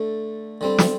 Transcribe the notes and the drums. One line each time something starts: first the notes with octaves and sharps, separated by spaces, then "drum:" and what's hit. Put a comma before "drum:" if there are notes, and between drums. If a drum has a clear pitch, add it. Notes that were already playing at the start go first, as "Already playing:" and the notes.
Already playing: D3 A3
D3 G3 C4
drum: snare